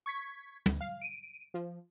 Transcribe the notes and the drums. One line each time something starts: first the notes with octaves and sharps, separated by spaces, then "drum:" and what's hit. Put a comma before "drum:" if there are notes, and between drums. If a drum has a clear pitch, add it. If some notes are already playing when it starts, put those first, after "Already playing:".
C#6 G#6 B6
D2, drum: tom
F5
D7 D#7
F3